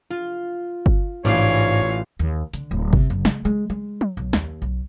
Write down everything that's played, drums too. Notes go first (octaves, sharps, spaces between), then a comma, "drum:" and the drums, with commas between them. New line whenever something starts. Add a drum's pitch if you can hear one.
F4
drum: kick G1
A1 G#2 E3 F4 C#5 D5 F5
D#2
D3, drum: hi-hat
D1
C3, drum: kick G1
F#1
G#3, drum: snare
G#3
G#3
drum: tom
B1
D#2, drum: snare
B1